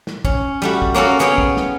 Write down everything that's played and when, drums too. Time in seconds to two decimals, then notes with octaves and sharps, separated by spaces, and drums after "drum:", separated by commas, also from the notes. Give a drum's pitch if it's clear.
0.07 drum: snare
0.25 C#4, drum: kick
0.62 G3 A3 F#4
0.82 drum: kick
0.94 A#3 C#4 F#4 A4
1.19 B3 C#4 G#4 C#5 G5
1.38 drum: kick
1.57 drum: snare